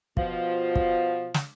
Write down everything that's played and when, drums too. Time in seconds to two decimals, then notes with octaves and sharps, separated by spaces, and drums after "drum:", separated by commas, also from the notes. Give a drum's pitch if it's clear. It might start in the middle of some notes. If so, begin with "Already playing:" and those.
0.17 B2 F3, drum: kick
0.76 drum: kick
1.34 drum: snare